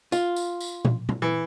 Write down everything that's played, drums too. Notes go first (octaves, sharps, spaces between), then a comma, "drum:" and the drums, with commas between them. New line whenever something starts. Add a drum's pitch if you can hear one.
F4, drum: tambourine
drum: tambourine
drum: tambourine
drum: tom A#2
drum: tom A#2
E3